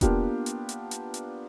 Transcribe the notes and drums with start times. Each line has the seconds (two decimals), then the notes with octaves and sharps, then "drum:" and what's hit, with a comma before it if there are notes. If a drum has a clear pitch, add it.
0.01 A#3 B3 D4 F4 G4, drum: kick E1, hi-hat
0.46 drum: hi-hat
0.69 drum: hi-hat
0.91 drum: hi-hat
1.14 drum: hi-hat